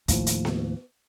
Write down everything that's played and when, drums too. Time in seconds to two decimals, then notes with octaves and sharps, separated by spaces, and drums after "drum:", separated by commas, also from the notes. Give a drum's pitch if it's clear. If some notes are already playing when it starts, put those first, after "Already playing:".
0.08 D#2 A2 F3, drum: kick, hi-hat
0.27 drum: hi-hat
0.45 drum: snare B3